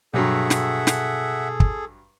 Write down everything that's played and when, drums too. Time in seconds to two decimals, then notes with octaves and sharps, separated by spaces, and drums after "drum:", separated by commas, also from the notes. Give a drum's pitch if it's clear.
0.14 G2 B2 F#3 G3 G#4 A4 E5 F#5
0.50 drum: snare
0.87 drum: snare
1.60 drum: kick